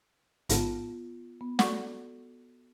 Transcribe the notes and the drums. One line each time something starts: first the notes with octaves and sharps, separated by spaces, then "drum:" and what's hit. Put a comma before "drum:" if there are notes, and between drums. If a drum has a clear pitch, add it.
A1 G#2 D3 B3 F4 A5, drum: hi-hat
B3
F#4 A4 D5 F#5 C#6, drum: snare